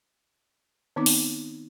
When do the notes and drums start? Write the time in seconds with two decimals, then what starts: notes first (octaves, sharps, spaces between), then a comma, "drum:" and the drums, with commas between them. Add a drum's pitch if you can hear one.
0.96 D#3 B3 C4 D#4 D6
1.06 drum: open hi-hat